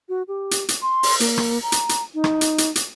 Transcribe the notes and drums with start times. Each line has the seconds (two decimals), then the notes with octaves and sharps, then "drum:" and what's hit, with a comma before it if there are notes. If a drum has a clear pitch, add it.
0.09 F#4
0.28 G4
0.51 drum: hi-hat
0.69 drum: hi-hat
0.82 C6
1.03 drum: open hi-hat
1.20 A#3, drum: hi-hat
1.38 drum: rim click
1.63 A#5
1.72 drum: hi-hat
1.89 drum: hi-hat
2.14 D#4
2.24 drum: rim click
2.41 drum: hi-hat
2.58 drum: hi-hat
2.75 drum: hi-hat